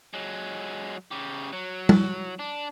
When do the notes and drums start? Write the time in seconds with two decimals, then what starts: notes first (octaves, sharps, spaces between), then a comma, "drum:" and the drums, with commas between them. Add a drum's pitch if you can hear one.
0.14 F#3 G#3
1.11 C#3 G4
1.53 F#3
1.89 drum: tom G3
2.39 D4